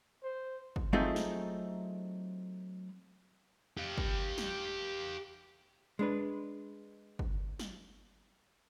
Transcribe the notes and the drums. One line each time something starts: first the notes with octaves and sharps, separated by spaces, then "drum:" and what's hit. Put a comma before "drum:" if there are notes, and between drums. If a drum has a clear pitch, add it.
C5
drum: kick
F#3 A3 C4 D#4 F4 G#4
drum: snare
G4 F5
drum: kick
drum: snare
G#3 D4 B4
drum: kick
drum: snare